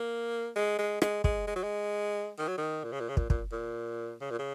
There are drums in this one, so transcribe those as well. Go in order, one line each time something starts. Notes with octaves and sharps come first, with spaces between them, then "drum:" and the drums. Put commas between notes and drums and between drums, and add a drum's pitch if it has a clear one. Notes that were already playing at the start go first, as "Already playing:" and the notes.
Already playing: A#3
G#3
G#3
G#3, drum: rim click
G#3, drum: kick
G#3
F#3
G#3
D#3
F#3
D#3
A#2
C#3
A#2
C#3
A#2, drum: kick
A#2, drum: kick
A#2
C#3
A#2
C#3